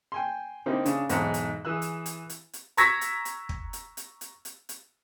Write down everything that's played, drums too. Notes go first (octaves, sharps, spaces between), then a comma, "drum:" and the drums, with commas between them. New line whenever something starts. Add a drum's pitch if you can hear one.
G5 G#5 C6
D3 A#3 C4 D#4 E4 G4
C#3 D4 G#4, drum: hi-hat
B1 E2 G#2 A4 C5 F#5, drum: hi-hat
drum: hi-hat
E3 G#4 E6 F#6
drum: hi-hat
drum: hi-hat
drum: hi-hat
drum: hi-hat
A#5 C#6 E6 G#6 A#6 B6, drum: hi-hat
drum: hi-hat
drum: hi-hat
drum: kick
drum: hi-hat
drum: hi-hat
drum: hi-hat
drum: hi-hat
drum: hi-hat